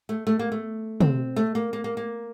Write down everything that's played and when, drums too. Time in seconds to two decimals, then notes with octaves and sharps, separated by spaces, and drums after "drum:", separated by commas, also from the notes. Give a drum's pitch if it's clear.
0.09 A3
0.27 A3
0.39 A#3
0.52 A3
1.00 C4, drum: tom
1.36 A3
1.55 A#3
1.73 A#3
1.84 A#3
1.97 A#3